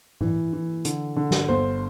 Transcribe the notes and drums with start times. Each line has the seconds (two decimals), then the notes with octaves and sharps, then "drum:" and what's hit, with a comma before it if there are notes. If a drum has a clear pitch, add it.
0.21 E3, drum: tom A2
0.53 E3
0.85 D3, drum: hi-hat
1.16 D3
1.31 drum: snare
1.48 G1 C5